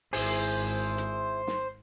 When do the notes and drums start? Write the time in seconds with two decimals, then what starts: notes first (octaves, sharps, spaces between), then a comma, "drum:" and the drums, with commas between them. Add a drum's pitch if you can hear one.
0.13 G#1 E4 G#4 C5, drum: open hi-hat
0.98 drum: hi-hat
1.47 drum: snare